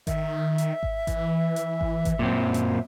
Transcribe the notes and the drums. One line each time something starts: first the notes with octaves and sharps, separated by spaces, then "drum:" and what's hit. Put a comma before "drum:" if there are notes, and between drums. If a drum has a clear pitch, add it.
D#3 E5, drum: kick G#1, hi-hat
drum: hi-hat
drum: kick G#1
E3, drum: kick G#1, hi-hat
drum: hi-hat
drum: kick G#1
drum: kick G#1, hi-hat
F#2 A#2 C4
drum: hi-hat